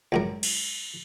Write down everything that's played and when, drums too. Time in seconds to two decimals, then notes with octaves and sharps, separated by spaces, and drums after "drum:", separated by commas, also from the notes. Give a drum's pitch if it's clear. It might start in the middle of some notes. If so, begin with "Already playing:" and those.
0.12 C#2 F#2 A#4
0.43 drum: cymbal